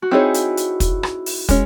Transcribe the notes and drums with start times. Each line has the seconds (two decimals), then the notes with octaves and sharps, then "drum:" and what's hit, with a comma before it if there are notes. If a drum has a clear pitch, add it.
0.02 F#4
0.11 C4 D#4 E4 G#4 C#5
0.34 drum: hi-hat
0.57 drum: hi-hat
0.80 drum: kick, hi-hat
1.03 drum: rim click
1.26 drum: open hi-hat
1.49 G#3 C#4, drum: kick, hi-hat